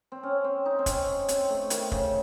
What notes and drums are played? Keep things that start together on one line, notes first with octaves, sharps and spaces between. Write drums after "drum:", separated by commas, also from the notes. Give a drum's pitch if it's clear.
C4
C#4
C4
D#4
C4
C#4, drum: kick, hi-hat
C4, drum: hi-hat
A3
D#3, drum: hi-hat
C#3, drum: kick